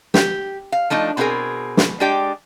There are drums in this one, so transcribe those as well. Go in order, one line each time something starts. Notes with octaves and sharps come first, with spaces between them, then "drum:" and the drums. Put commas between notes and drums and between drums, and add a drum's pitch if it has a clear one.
G4, drum: snare
F5
F3 A3 D4 D#4
B2 C4 E4 G#4 A#4 G#5
drum: snare
G#3 D4 G4 D5 G5